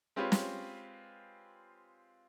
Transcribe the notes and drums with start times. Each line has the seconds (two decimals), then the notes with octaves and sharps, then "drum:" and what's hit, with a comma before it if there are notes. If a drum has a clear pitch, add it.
0.16 G#3 C4 F4 G4 B4 C#5
0.32 drum: snare